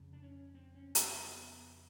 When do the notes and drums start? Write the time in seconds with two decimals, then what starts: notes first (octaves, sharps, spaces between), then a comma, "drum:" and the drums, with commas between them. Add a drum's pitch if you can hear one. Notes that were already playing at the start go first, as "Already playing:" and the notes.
Already playing: F2 C#3
0.13 D4
0.22 C#4
0.54 C4
0.75 C#4
0.95 C4, drum: hi-hat
1.16 B3